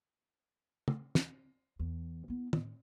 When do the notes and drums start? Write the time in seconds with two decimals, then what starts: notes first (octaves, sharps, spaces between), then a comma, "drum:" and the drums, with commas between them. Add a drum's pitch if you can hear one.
0.88 drum: tom
1.15 drum: snare
1.79 E2
2.28 B3 E4
2.53 A2, drum: tom